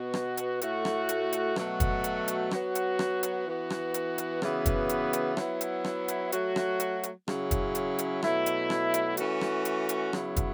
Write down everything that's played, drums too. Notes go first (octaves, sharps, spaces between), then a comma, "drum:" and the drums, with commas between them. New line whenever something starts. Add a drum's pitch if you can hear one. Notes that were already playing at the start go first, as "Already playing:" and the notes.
Already playing: B2 B3 F#4
drum: rim click
drum: hi-hat
A2 A3 F#4, drum: hi-hat
drum: rim click
drum: hi-hat
drum: hi-hat
B2 F#3 A3 F#4, drum: rim click
drum: kick, hi-hat
drum: hi-hat
drum: hi-hat
F#3 B3 F#4, drum: rim click
drum: hi-hat
drum: rim click
drum: hi-hat
E3 B3 F#4
drum: rim click
drum: hi-hat
drum: hi-hat
C#3 E3 B3 F#4, drum: rim click
drum: kick, hi-hat
drum: hi-hat
drum: hi-hat
F#3 B3 E4, drum: rim click
drum: hi-hat
drum: rim click
drum: hi-hat
F#3 A3 F#4, drum: hi-hat
drum: rim click
drum: hi-hat
drum: hi-hat
C#3 F#3 C#4 E4, drum: rim click
drum: kick, hi-hat
drum: hi-hat
drum: hi-hat
B2 F#3 A3 E4, drum: rim click
drum: hi-hat
drum: rim click
drum: hi-hat
E3 A3 C#4 F#4, drum: hi-hat
drum: rim click
drum: hi-hat
drum: hi-hat
C#3 F#3 B3 E4, drum: rim click
drum: kick, hi-hat